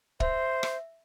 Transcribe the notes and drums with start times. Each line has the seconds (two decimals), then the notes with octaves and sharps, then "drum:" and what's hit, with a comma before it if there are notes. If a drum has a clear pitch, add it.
0.20 C5 E5, drum: kick
0.63 drum: rim click